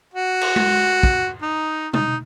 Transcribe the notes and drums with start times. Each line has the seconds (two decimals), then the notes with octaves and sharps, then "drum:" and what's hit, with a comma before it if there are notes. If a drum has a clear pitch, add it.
0.14 F#4
0.41 drum: cymbal
0.56 drum: tom G#3
1.03 drum: kick
1.42 D#4
1.93 D#4, drum: tom